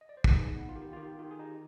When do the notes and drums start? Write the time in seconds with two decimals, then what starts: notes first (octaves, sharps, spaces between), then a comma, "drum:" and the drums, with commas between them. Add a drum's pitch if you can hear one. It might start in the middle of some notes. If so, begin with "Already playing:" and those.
0.01 D#5
0.09 D5
0.17 C5
0.24 B4, drum: kick
0.32 D#4 G#4
0.54 B3
0.69 F4
0.76 D#3 G4
0.93 F4
0.96 D#3 G4
1.18 D#3 F4
1.31 G#4
1.39 D#4 G4